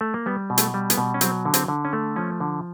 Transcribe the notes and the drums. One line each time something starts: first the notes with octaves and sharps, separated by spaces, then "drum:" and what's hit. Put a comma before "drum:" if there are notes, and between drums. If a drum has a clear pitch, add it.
A3
A#3
G3 B3
B2
A3, drum: hi-hat
G3
B3, drum: hi-hat
B2
C#4
F#3 C4, drum: hi-hat
D3
C4, drum: hi-hat
D3
C#4
A3
F3 C#4
D3